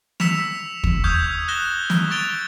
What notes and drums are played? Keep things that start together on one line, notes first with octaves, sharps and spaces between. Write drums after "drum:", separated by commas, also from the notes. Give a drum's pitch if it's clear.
E6 B6 C#7 E7 F7, drum: snare
drum: kick
C#6 D#6 F6 G6 G#6
F#6 A#6 E7 G7
drum: snare
C#6 G#6 A6 D7 F7 G7